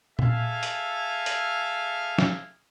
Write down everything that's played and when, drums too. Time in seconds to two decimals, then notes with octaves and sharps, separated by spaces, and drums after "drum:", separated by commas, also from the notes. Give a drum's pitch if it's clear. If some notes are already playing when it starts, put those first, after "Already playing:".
0.19 G#4 A4 E5 F5 G#5, drum: tom A#2
0.63 drum: hi-hat
1.26 drum: hi-hat
2.18 drum: snare